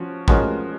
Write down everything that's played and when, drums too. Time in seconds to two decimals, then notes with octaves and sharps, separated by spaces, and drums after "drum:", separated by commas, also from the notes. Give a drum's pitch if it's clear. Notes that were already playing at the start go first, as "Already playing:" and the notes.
Already playing: F3 C#4 F#4
0.28 F3 G#3 C#4 F#4 A#4, drum: kick